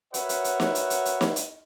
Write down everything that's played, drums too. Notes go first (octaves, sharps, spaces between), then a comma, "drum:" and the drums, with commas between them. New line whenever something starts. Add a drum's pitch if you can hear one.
F#4 A#4 B4 C#5 E5 F#5, drum: hi-hat
drum: hi-hat
drum: hi-hat
drum: snare
drum: hi-hat
drum: hi-hat
drum: hi-hat
drum: snare
drum: hi-hat